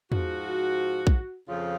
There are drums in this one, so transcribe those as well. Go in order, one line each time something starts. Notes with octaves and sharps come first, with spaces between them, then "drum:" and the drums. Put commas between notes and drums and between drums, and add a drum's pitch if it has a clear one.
G#2 F3 F#4, drum: tom E2
drum: kick A#1
F2 C#3 F3 F4